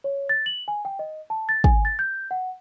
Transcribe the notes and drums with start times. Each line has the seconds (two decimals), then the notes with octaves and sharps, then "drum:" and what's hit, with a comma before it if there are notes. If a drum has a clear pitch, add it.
0.04 C#5
0.29 A6
0.46 F#7
0.68 G#5
0.85 G5
0.99 D#5
1.30 A5
1.49 A6
1.64 G#5, drum: kick
1.85 A6
1.99 G6
2.31 F#5